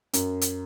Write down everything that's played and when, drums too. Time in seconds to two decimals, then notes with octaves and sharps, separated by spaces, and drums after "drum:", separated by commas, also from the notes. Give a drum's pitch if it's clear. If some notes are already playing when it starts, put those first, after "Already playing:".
0.13 F#2, drum: hi-hat
0.41 drum: hi-hat